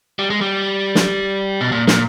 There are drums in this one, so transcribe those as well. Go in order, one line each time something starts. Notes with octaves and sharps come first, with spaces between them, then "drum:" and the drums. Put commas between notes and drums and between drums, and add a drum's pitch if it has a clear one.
G3
G#3
G3
drum: snare
B2
A#2
A#2, drum: snare